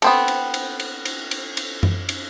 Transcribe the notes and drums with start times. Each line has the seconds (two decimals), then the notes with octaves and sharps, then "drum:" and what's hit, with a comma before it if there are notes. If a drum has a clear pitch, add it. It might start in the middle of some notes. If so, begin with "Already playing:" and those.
0.02 B3 C4 A4, drum: cymbal
0.28 drum: cymbal
0.54 drum: cymbal
0.80 drum: cymbal
1.05 drum: cymbal
1.31 drum: cymbal
1.57 drum: cymbal
1.83 drum: tom F#2
2.09 drum: cymbal